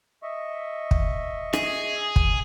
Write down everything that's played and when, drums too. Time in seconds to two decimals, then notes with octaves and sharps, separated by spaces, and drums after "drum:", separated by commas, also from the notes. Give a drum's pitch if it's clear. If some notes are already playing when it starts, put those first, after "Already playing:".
0.23 D#5 E5 C#6
0.91 drum: kick
1.53 G#4, drum: rim click
2.16 drum: kick